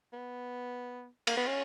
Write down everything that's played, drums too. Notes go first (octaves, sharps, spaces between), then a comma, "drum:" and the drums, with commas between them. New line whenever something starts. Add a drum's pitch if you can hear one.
B3
A#3, drum: cymbal
B3
C#4